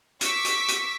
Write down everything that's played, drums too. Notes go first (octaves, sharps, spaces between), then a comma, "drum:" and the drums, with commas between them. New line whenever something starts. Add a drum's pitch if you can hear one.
C#6 D6 E6 B6, drum: hi-hat
drum: hi-hat
drum: hi-hat